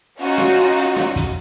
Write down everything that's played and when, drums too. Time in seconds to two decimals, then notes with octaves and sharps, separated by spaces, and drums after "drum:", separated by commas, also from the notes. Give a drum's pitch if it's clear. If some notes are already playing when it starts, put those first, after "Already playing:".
0.19 C#4 D#4 F4 F#4
0.38 drum: snare
0.77 drum: hi-hat
0.96 drum: snare
1.16 drum: kick, hi-hat